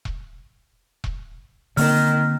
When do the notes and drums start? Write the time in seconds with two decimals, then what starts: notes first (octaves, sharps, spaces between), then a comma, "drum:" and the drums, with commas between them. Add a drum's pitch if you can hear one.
0.05 drum: kick E1
1.04 drum: kick E1
1.77 D3 D#3 A#3 C4 F6, drum: open hi-hat